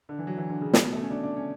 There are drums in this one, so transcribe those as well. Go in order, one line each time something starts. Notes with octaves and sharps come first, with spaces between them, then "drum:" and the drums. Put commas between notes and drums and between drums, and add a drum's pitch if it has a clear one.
D3
E3
F#3
E3
D3
C#3
B2, drum: snare
B2
A3
C#4
D4
D4
C#4